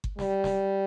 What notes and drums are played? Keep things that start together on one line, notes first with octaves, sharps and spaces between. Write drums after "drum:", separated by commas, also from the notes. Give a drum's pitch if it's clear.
drum: kick G1
G3, drum: snare
drum: snare